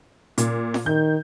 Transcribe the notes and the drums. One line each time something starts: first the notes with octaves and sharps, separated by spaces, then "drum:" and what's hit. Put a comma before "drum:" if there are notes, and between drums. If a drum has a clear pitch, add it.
A#2, drum: hi-hat
drum: snare
D#3 G6